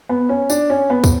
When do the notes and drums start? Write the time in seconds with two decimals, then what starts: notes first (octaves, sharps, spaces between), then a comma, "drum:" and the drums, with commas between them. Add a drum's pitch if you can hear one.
0.09 B3
0.29 C#4
0.50 D4, drum: tambourine
0.70 C#4
0.90 B3
1.04 drum: kick, tambourine